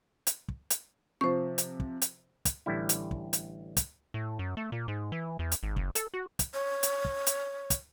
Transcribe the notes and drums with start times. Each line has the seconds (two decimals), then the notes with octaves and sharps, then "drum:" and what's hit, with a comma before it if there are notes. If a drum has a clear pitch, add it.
0.27 drum: hi-hat
0.48 drum: kick
0.70 drum: hi-hat
1.21 C3 F3 C5 C#6
1.58 drum: hi-hat
1.80 drum: kick
2.02 drum: hi-hat
2.45 drum: kick, hi-hat
2.66 A1 D3 G3 E4
2.89 drum: hi-hat
3.11 drum: kick
3.33 drum: hi-hat
3.77 drum: kick, hi-hat
4.14 A2
4.39 F#2
4.57 A3
4.72 A#2
4.88 G#2
5.12 E3
5.39 E2
5.52 drum: hi-hat
5.63 G#1
5.76 F#1, drum: kick
5.95 A4, drum: hi-hat
6.14 F#4
6.39 drum: kick, hi-hat
6.54 C#5
6.83 drum: hi-hat
7.05 drum: kick
7.27 drum: hi-hat
7.70 drum: kick, hi-hat